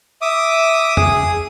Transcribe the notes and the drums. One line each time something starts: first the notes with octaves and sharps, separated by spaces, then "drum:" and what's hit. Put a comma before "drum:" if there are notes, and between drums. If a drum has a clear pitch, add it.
E5 D6 D#6
G#4 D#6, drum: tom F2